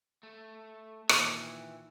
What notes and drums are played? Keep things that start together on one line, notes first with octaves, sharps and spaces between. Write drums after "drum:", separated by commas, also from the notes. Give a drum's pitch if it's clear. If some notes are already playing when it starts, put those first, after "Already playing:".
A3
A#2 D#3 E3, drum: rim click